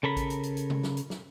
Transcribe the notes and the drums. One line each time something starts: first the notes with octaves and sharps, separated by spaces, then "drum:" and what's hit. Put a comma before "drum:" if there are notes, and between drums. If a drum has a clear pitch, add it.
C#3 A4 A#4 B5
drum: kick, hi-hat
drum: hi-hat
drum: hi-hat
drum: hi-hat
drum: tom C3
drum: snare
drum: hi-hat
drum: snare